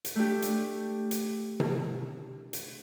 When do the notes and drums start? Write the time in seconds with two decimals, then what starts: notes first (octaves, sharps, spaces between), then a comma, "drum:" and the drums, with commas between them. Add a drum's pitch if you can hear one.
0.05 drum: hi-hat
0.16 A3 D4 G4
0.42 drum: hi-hat
1.11 drum: hi-hat
1.60 drum: tom C3
2.53 drum: hi-hat